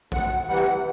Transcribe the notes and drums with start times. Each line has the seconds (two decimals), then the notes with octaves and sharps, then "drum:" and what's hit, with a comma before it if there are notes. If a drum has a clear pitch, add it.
0.12 D2 F#5, drum: kick A#1
0.48 C3 E3 G3 F#5